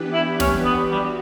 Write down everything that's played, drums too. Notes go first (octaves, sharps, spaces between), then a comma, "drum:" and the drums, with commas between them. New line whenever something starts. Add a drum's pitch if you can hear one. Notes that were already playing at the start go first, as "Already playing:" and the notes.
Already playing: E3 B3 D4 G4 B4
E4
C#4, drum: snare
B3
G3 F#4